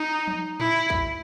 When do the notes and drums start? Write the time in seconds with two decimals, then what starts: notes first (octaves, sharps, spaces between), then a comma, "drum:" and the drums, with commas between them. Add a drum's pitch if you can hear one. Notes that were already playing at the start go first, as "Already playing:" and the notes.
Already playing: D#4
0.27 drum: tom F3
0.60 E4, drum: tom A2
0.90 drum: kick